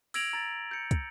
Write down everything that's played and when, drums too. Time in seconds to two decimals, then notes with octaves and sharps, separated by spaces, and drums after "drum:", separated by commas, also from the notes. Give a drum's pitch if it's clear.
0.14 E6 G#6 A#6 D7 F7 F#7, drum: open hi-hat
0.33 A#5 A6
0.71 G6 C#7
0.91 drum: kick, hi-hat